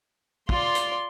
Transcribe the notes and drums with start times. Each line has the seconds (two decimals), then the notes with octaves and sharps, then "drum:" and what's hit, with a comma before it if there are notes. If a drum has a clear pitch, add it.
0.49 F4 D5 C6, drum: kick
0.75 drum: hi-hat